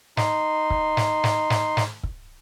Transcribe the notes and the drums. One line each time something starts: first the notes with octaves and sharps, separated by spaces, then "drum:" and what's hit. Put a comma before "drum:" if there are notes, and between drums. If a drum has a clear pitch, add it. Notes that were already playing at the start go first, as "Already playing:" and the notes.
D#4 C6, drum: snare
drum: kick
drum: snare
drum: snare
drum: snare
drum: snare
drum: kick